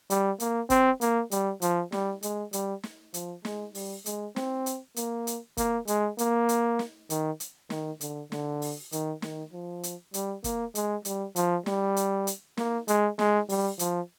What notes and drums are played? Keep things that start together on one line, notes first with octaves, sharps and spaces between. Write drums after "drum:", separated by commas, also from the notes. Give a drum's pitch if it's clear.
G3, drum: hi-hat
A#3, drum: hi-hat
C4, drum: kick, hi-hat
A#3, drum: hi-hat
G3, drum: hi-hat
F3, drum: hi-hat
G3, drum: snare
G#3, drum: hi-hat
G3, drum: hi-hat
drum: snare
F3, drum: hi-hat
G#3, drum: snare
G3, drum: open hi-hat
G#3, drum: hi-hat
C4, drum: snare
drum: hi-hat
A#3, drum: hi-hat
drum: hi-hat
A#3, drum: kick, hi-hat
G#3, drum: hi-hat
A#3, drum: hi-hat
drum: hi-hat
drum: snare
D#3, drum: hi-hat
drum: hi-hat
D#3, drum: snare
D3, drum: hi-hat
D3, drum: snare
drum: open hi-hat
D#3, drum: hi-hat
D#3, drum: snare
F3
drum: hi-hat
G3, drum: hi-hat
A#3, drum: kick, hi-hat
G#3, drum: hi-hat
G3, drum: hi-hat
F3, drum: hi-hat
G3, drum: snare
drum: hi-hat
drum: hi-hat
A#3, drum: snare
G#3, drum: hi-hat
G#3, drum: snare
G3, drum: open hi-hat
F3, drum: hi-hat